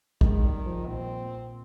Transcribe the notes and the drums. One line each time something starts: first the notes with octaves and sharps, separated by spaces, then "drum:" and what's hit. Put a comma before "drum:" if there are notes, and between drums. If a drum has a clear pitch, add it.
D#3 G#3, drum: kick
G3
F3
A#2 C4